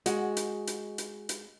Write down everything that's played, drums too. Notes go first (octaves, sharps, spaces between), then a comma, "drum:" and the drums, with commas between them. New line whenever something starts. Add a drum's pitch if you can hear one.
G#3 F#4, drum: hi-hat
drum: hi-hat
drum: hi-hat
drum: hi-hat
drum: hi-hat